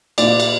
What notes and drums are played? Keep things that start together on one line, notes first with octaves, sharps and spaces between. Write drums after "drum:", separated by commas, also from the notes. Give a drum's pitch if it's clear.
A#2 D5, drum: cymbal
drum: cymbal